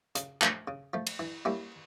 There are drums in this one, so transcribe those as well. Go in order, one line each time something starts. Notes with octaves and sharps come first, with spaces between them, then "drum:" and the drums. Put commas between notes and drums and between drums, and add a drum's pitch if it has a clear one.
C#3, drum: hi-hat
F3 A3, drum: clap
C#3
F3 A3
drum: cymbal
E3
G3 A#3 C#4 E4